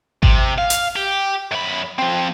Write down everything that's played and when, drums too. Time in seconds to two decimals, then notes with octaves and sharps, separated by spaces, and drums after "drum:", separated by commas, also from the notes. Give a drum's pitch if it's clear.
0.23 C3, drum: kick G#1
0.58 F5
0.70 drum: hi-hat
0.96 G4
1.51 F#2 B5
1.99 F3 C4